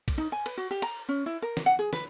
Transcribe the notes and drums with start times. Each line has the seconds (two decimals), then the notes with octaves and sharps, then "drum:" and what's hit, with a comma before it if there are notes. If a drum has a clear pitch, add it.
0.08 drum: kick A#1, cymbal
0.18 D#4
0.32 G#5
0.46 B4, drum: cymbal
0.57 F#4
0.71 G4
0.82 A#5, drum: cymbal
1.09 C#4
1.26 E4
1.42 A#4
1.57 drum: snare
1.66 F#5
1.79 G#4
1.93 B4, drum: snare